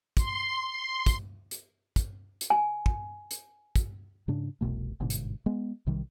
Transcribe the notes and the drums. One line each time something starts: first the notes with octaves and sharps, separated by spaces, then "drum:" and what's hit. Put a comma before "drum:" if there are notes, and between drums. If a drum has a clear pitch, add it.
C6, drum: kick, hi-hat
C6
drum: kick, hi-hat
drum: hi-hat
drum: kick, hi-hat
drum: hi-hat
G#5
drum: kick
drum: hi-hat
drum: kick, hi-hat
G#2 C#3 D4
F1 C2 B2 A3
G1 G#2 B2 D3
drum: hi-hat
G#3 B3
B1 C3 D#3 G3